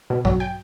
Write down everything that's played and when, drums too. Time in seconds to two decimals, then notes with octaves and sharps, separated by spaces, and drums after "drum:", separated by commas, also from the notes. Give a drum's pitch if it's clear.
0.10 B2
0.25 F#3, drum: kick
0.40 G5